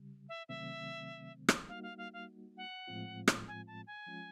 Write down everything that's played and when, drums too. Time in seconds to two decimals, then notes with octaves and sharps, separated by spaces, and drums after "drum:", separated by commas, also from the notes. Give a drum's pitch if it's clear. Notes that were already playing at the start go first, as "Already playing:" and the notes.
Already playing: C#3 G3
0.29 E5
0.49 C3 D#3 F#3 A3 C4 E5
1.49 drum: rim click
1.68 G3 A#3 D#4 F#4 F5
1.83 F5
1.98 F5
2.13 F5
2.57 F#5
2.87 A2 F3 G#3 C4 F4
3.28 drum: rim click
3.48 G#5
3.67 A5
3.87 G#5
4.07 F3 G#3 C#4 F4